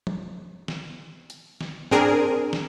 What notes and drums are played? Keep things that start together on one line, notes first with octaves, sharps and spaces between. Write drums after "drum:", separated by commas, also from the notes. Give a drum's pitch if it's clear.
drum: tom
drum: snare
drum: hi-hat
drum: snare
C4 D4 G#4 A#4, drum: tom G#2
drum: snare